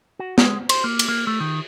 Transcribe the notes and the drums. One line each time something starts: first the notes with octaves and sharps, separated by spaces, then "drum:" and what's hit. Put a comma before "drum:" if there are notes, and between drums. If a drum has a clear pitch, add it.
F#4
G#3, drum: snare
C5, drum: cymbal
A#3
drum: cymbal
A#3
A3
D#3